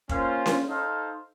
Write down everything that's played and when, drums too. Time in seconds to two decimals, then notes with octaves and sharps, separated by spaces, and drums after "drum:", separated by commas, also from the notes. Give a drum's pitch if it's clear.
0.09 A#3 C#4 F4 C5 F5, drum: kick
0.46 drum: snare C#4
0.67 D#4 A4 C5 F5